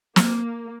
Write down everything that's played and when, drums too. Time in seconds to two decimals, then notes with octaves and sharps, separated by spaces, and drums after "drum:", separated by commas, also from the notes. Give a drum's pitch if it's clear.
0.16 A#3, drum: snare